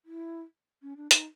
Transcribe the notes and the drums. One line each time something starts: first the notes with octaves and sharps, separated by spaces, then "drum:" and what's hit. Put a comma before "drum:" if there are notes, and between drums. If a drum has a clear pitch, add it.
E4
C#4
D4
D#4, drum: hi-hat